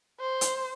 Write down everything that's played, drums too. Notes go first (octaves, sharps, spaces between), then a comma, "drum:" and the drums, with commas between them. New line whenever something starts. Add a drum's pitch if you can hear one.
C5
drum: hi-hat